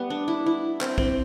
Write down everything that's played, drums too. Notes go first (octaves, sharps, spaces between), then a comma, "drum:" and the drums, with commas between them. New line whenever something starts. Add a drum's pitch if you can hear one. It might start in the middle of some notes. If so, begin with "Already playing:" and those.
Already playing: G3 A3 B3
D4
E4
E4
C4, drum: clap
C4, drum: kick